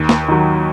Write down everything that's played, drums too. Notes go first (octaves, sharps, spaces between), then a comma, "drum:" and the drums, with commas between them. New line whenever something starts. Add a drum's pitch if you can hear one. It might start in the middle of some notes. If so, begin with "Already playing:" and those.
Already playing: D#2
drum: snare
D#3 F#3